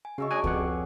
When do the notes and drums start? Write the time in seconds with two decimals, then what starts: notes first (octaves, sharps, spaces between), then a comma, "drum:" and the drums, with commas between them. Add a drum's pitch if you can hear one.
0.05 G#5
0.18 C#3 C#4 F#4 G#4 D#5 E5 C#6
0.31 A3 C#4 D4 F#4 D#5 G#5 F#6 D7
0.44 F2 G4 G#4 B4 C#5 F#5 D6, drum: kick C#2